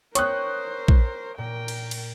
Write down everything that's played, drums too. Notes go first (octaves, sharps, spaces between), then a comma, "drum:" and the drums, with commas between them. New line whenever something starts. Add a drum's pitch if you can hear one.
A#4 C5 C#5 G5 C#6 D#6 F#6, drum: hi-hat
drum: kick A#1
A#2 A#4 G5
drum: cymbal
drum: cymbal